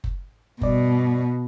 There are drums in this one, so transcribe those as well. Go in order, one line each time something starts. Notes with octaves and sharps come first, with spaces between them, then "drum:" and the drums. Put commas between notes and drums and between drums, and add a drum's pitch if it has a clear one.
drum: kick F#1
G2 B2 D5, drum: kick F#1